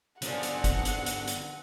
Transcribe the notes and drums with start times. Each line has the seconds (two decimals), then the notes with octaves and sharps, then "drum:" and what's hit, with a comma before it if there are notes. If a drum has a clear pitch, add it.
0.22 A#2 D3 F3 F#3 B3 F#5, drum: hi-hat
0.43 drum: hi-hat
0.64 drum: kick G1, hi-hat
0.85 drum: hi-hat
1.06 drum: hi-hat
1.28 drum: hi-hat